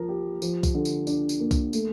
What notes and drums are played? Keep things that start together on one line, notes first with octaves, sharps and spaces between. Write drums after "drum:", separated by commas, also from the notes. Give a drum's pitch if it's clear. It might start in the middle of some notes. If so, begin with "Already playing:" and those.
Already playing: F3 A#4
G4
F3, drum: tambourine
drum: kick, tambourine
D3
drum: tambourine
D4, drum: tambourine
drum: tambourine
A#3
drum: kick, tambourine
A3, drum: tambourine